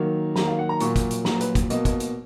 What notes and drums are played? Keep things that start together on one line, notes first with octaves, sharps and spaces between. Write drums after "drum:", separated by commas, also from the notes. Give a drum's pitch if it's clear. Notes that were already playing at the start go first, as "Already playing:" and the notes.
Already playing: D#3 F#3 A#3
D#3 F#3 A#3 A#5, drum: snare
F5
F#5
A#5
A#2 F#3 A#3 C#6, drum: hi-hat
drum: kick, hi-hat
drum: hi-hat
A#2 F#3 A#3 A#5, drum: snare
B4, drum: hi-hat
drum: kick, hi-hat
B2 A#3 D#5, drum: hi-hat
drum: kick, hi-hat
drum: hi-hat